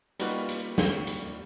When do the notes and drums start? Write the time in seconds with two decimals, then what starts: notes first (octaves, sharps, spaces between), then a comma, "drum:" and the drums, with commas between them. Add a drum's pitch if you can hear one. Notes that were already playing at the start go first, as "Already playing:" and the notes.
0.19 G3 A#3 D#4 F4 F#4 B4, drum: hi-hat
0.49 drum: hi-hat
0.78 drum: snare
1.07 drum: hi-hat